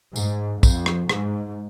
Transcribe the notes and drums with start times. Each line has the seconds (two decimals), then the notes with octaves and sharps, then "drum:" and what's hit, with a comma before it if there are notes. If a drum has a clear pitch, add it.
0.16 G#2, drum: tambourine
0.63 F2, drum: kick, tambourine
0.86 drum: rim click
1.09 G#2, drum: rim click